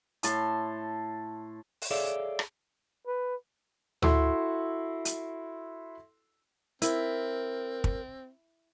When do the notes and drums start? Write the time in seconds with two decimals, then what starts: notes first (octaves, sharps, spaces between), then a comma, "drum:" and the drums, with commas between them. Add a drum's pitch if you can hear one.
0.23 A2 A5 C6, drum: hi-hat
1.82 drum: open hi-hat
1.91 G#4 A4 C#5 D5 E5 F5
2.39 drum: rim click
3.07 B4
4.02 E4 F#4 A4 C6, drum: tom D2
5.05 drum: hi-hat
6.82 C4 E4 A#4, drum: hi-hat
7.84 drum: kick